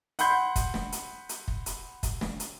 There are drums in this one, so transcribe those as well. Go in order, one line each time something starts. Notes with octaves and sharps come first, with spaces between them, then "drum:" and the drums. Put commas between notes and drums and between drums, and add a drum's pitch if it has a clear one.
F#5 B5 C6 G6, drum: hi-hat
drum: kick, hi-hat
drum: snare
drum: hi-hat
drum: hi-hat
drum: kick
drum: hi-hat
drum: kick, hi-hat
drum: snare
drum: hi-hat